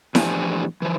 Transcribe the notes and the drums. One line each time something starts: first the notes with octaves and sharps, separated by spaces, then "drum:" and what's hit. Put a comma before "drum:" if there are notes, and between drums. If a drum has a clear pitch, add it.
E2 A2 F3 D4 G4 G#5, drum: snare E4
E3 F3